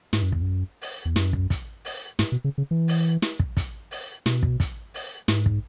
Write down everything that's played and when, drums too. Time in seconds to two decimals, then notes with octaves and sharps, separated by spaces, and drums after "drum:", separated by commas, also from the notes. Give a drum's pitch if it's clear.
0.13 G#2, drum: snare
0.22 F#2
0.32 E2, drum: kick
0.41 F#2
0.82 drum: open hi-hat
1.05 E2
1.16 F#2, drum: snare
1.33 drum: kick
1.50 drum: kick, hi-hat
1.85 drum: open hi-hat
2.19 G#2, drum: snare
2.32 B2
2.44 C#3
2.58 C#3
2.71 E3
2.88 drum: open hi-hat
3.22 drum: snare
3.39 drum: kick
3.57 drum: kick, hi-hat
3.91 drum: open hi-hat
4.26 B2, drum: snare
4.43 drum: kick
4.60 drum: kick, hi-hat
4.94 drum: open hi-hat
5.28 G#2, drum: snare
5.46 drum: kick